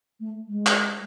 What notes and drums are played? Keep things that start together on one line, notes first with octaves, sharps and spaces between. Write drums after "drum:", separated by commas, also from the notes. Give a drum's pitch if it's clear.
A3
G#3
drum: clap